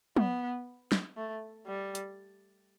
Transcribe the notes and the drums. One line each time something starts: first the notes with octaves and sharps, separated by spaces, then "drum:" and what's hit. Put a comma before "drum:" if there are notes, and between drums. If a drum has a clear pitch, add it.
B3, drum: tom
drum: snare
A3
G3
drum: hi-hat